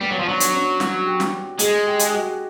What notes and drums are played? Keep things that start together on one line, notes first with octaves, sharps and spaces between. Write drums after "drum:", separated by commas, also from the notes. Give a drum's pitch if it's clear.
G3 B3
F#3
F3
F#3 D4
drum: hi-hat
C#4
F#4, drum: snare
G4
drum: snare
G#3 G#4, drum: hi-hat
G4
drum: hi-hat
F#4